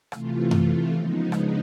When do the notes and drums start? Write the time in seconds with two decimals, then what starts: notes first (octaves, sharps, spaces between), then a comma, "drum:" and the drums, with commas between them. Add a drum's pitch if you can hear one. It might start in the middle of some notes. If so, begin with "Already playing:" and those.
0.12 C3 E3 A3 F4, drum: rim click
0.51 F4, drum: tom F#2
0.92 C#3 F3 G#3 B3 D#4
1.32 D4, drum: rim click